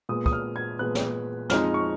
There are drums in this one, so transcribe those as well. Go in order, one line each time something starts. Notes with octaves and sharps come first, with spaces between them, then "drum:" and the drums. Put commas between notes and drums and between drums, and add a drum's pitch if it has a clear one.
A#2 G#3 B3 D#6
D#6, drum: kick
F6
G#6
A#2 G#3 B3 F#6
drum: snare
F2 F3 G#3 D#4 F6, drum: snare
C#6